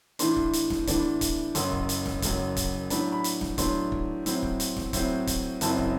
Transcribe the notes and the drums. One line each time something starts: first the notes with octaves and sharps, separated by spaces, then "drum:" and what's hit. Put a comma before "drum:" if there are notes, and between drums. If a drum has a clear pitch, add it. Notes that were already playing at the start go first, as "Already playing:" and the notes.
A2 E3 B3 D4 C6, drum: hi-hat
drum: kick
drum: hi-hat
drum: snare
A2 E3 B3 D4, drum: kick, hi-hat
drum: kick, hi-hat
F#1 F#2 F#3 C6, drum: hi-hat
drum: kick
drum: hi-hat
drum: snare
F#1 F#2 F#3, drum: kick, hi-hat
drum: kick, hi-hat
A2 F#3 B3 D4 B5, drum: hi-hat
B5
drum: hi-hat
drum: snare
A2 F#3 B3 D4 C6, drum: kick, hi-hat
drum: kick
A2 F#3 C4 E4, drum: hi-hat
drum: kick
drum: hi-hat
drum: snare
A2 F#3 C4 E4, drum: kick, hi-hat
drum: kick, hi-hat
F#1 F#2 F#3 C4 E4 A5, drum: hi-hat
drum: kick